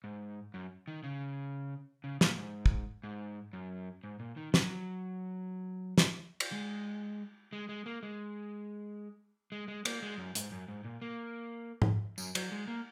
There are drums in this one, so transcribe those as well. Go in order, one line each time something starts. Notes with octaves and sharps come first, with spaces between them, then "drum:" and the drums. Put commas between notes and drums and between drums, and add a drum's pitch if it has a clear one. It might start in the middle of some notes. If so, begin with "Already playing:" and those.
G#2
F#2
D#3
C#3
C#3
A#2, drum: snare
G#2
drum: kick
G#2
F#2
G#2
A#2
D#3
F#3, drum: snare
drum: snare
drum: cymbal
G#3
G#3
G#3
A#3
G#3
G#3
G#3
A#3, drum: cymbal
G#3
F#2
G#2, drum: hi-hat
F#2
G#2
A#2
A#3
drum: tom G#2
F#2, drum: tambourine
F#3, drum: cymbal
G#3
A#3